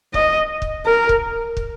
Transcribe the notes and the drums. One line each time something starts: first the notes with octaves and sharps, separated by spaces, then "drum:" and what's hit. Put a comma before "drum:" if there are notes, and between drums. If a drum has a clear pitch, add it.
D#5, drum: kick
drum: kick
A#4
drum: kick
drum: kick